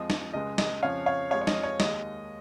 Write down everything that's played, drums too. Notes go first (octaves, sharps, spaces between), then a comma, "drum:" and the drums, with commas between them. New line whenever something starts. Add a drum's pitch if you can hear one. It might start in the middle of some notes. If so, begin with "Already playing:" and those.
Already playing: F2 F3 G#3 D#5
drum: snare
C#2 C#3 G#3 D#5
D#5, drum: snare
F2 C#3 F3 C#5 F5
C#5 F5
F2 F3 G#3 C#5 F5
C#5
D#5, drum: snare
C#5
D#2 D#3 G#3 D#5, drum: snare